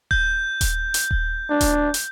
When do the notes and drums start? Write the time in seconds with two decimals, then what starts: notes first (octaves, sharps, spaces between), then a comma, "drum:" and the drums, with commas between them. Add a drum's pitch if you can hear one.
0.11 G6, drum: kick D#1
0.61 drum: kick D#1, hi-hat
0.94 drum: hi-hat
1.11 drum: kick D#1
1.50 D4
1.61 drum: kick D#1, hi-hat
1.94 drum: hi-hat